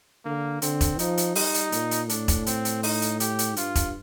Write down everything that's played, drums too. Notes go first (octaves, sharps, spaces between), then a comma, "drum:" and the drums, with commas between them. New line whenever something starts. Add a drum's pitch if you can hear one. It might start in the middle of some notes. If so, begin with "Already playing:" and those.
D3 A#3
D3 C4, drum: hi-hat
drum: kick E1, hi-hat
F3 D#4, drum: hi-hat
drum: hi-hat
G3 D#4, drum: open hi-hat
drum: hi-hat
A#2, drum: hi-hat
drum: hi-hat
A2 D4, drum: hi-hat
drum: kick E1, hi-hat
C4, drum: hi-hat
drum: hi-hat
D#4, drum: open hi-hat
drum: hi-hat
G4, drum: hi-hat
drum: hi-hat
G2 F4, drum: hi-hat
drum: kick E1, hi-hat